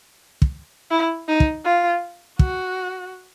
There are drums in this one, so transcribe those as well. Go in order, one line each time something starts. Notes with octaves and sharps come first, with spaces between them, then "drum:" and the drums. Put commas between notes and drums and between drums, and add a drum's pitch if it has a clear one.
drum: kick
E4
D#4
drum: kick
F4
F#4, drum: kick